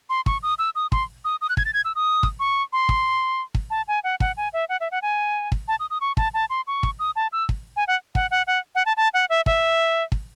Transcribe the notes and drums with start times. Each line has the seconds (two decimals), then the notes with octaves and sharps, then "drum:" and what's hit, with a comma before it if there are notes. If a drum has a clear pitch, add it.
0.10 C6
0.26 C#6, drum: kick
0.43 D#6
0.59 E6
0.75 D#6
0.92 C6, drum: kick
1.25 D#6
1.41 D#6
1.49 F#6
1.57 G#6, drum: kick
1.65 A6
1.74 G#6
1.85 E6
1.95 D#6
2.23 drum: kick
2.40 C#6
2.73 C6
2.89 drum: kick
3.55 drum: kick
3.70 A5
3.88 G#5
4.04 F#5
4.20 F#5, drum: kick
4.37 G#5
4.53 E5
4.69 F#5
4.80 E5
4.91 F#5
5.02 G#5
5.52 drum: kick
5.68 A5
5.80 D#6
5.90 D#6
6.01 C#6
6.17 A5, drum: kick
6.34 A5
6.50 C6
6.67 C#6
6.83 drum: kick
6.99 D#6
7.16 A5
7.32 E6
7.49 drum: kick
7.76 G#5
7.88 F#5
8.15 F#5, drum: kick
8.31 F#5
8.47 F#5
8.75 F#5
8.86 A5
8.97 A5
9.14 F#5
9.30 E5
9.46 E5, drum: kick
10.12 drum: kick